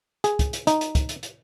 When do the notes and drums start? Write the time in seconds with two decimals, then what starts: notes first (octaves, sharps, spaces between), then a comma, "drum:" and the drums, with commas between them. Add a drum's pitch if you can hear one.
0.24 G#4, drum: hi-hat
0.39 drum: kick, hi-hat
0.53 drum: hi-hat
0.67 D#4, drum: hi-hat
0.81 drum: hi-hat
0.95 drum: kick, hi-hat
1.09 drum: hi-hat
1.23 drum: hi-hat